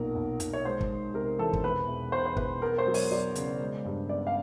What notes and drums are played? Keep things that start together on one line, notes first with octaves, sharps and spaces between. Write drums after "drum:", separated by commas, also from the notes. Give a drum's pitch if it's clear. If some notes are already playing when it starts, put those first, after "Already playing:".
Already playing: B1 A#2 A#4
B1
B1, drum: hi-hat
C#5
G#3 C5
drum: kick
G#3
C3 A#4
E3 A4
drum: kick
E1 B4
E1
E1 C5
C5
E1 B4, drum: kick
B3 A#4
C5
F#3
C#5, drum: open hi-hat
F#3 D5
C#3, drum: hi-hat
G#3
G2
B3 D5
F5